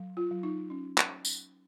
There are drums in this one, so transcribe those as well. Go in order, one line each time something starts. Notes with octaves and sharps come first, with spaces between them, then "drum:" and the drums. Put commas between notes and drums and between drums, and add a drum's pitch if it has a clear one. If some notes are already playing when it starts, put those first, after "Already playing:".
Already playing: F#3
F4
F#3
D#4
C#4
drum: clap
drum: tambourine